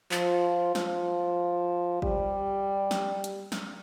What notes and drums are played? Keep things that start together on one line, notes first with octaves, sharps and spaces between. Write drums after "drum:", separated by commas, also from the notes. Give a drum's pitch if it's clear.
F3, drum: clap
F3, drum: snare
G3, drum: kick G#1
drum: snare
drum: hi-hat
drum: snare